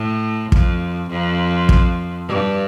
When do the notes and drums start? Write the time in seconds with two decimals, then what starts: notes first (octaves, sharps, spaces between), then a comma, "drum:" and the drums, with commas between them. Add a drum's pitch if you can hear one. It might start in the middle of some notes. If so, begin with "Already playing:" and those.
Already playing: A2
0.52 F2, drum: kick
1.10 F2
1.69 drum: kick
2.28 G2